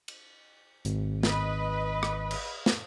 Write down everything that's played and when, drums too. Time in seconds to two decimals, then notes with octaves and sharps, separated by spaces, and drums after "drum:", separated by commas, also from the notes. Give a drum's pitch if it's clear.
0.08 drum: cymbal
0.85 G#1, drum: hi-hat
1.23 B4 D#5, drum: snare
2.03 drum: rim click
2.31 drum: cymbal
2.66 drum: snare